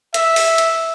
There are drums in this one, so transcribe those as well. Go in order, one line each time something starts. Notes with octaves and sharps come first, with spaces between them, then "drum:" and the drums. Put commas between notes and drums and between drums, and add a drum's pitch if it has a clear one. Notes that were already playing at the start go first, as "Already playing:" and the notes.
E5, drum: hi-hat
drum: open hi-hat
drum: hi-hat